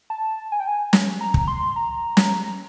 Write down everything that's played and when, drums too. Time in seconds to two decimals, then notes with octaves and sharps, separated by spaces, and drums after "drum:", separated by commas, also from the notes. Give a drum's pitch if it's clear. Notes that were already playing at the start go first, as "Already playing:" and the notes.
0.10 A5
0.52 G#5
0.60 G5
0.68 G#5
0.93 drum: snare
1.21 A#5
1.34 drum: kick
1.48 C6
1.76 A#5
2.17 drum: snare